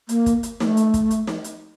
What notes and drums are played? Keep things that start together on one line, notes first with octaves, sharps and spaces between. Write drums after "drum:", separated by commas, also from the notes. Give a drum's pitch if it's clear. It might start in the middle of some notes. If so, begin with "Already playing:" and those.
A#3, drum: hi-hat
drum: kick, hi-hat
drum: hi-hat
A#3, drum: snare
A3
drum: hi-hat
drum: kick, hi-hat
drum: hi-hat
drum: snare
drum: hi-hat